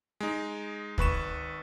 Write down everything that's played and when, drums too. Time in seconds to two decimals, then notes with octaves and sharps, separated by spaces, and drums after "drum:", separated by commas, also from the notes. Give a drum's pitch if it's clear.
0.20 G#3 D#4
0.98 G#1 B4 C#6 E7, drum: kick